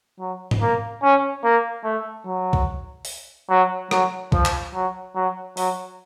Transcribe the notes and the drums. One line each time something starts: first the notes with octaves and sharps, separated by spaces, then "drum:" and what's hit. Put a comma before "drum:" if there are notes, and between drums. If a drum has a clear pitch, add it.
F#3
drum: tom
A#3
C#4
A#3
A3
F#3
drum: kick B1
drum: open hi-hat
F#3
F#3, drum: rim click
F3, drum: kick B1
drum: clap
F#3
F#3
F#3, drum: open hi-hat